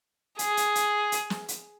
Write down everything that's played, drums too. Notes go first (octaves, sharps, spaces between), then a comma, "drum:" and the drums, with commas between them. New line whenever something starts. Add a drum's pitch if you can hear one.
G#4, drum: hi-hat
drum: hi-hat
drum: hi-hat
drum: hi-hat
drum: snare
drum: hi-hat